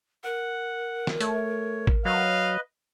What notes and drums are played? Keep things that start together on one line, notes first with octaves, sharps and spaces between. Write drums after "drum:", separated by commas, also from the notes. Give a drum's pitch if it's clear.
A#4 F#5
drum: snare
A3 C#5, drum: hi-hat
drum: kick G#1
F#3 B4 D#5 F5